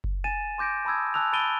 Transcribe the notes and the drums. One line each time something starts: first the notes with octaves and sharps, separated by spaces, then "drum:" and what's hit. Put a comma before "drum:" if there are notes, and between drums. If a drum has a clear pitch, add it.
drum: kick F#1
G#5 A6 D#7 E7
C6 D6 G6 A#6 D7
A5 B5 D#6 E6 G#6
G#5 A5 E6 F#6 F7
A5 B5 A6 D7 D#7 G7